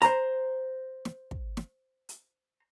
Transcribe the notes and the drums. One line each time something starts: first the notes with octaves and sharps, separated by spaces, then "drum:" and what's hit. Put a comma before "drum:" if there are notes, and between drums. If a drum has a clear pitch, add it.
C5 A#5, drum: hi-hat
drum: snare
drum: kick
drum: snare
drum: hi-hat